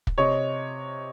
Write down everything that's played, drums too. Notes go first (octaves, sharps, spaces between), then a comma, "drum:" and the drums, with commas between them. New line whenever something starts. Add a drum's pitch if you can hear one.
drum: kick
C3 C#5 D#5